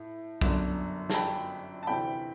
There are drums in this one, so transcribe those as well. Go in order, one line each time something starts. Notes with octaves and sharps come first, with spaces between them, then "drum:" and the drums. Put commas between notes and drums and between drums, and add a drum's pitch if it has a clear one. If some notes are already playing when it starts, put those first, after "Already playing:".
Already playing: A2
G1 F#2 D3, drum: kick
A5, drum: snare
G5 B5
A5
D2 C3 E3 G5 B5